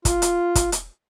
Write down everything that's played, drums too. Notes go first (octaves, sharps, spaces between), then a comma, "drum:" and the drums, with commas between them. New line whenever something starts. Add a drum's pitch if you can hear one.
F4, drum: kick, hi-hat
drum: hi-hat
drum: kick, hi-hat
drum: hi-hat